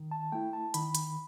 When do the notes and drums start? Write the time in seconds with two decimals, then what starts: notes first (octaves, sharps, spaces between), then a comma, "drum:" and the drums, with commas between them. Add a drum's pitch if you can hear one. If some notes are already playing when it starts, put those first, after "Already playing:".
Already playing: D#3
0.11 A5
0.32 A3 E4 G5
0.53 A5
0.74 D#3 B5, drum: hi-hat
0.95 drum: hi-hat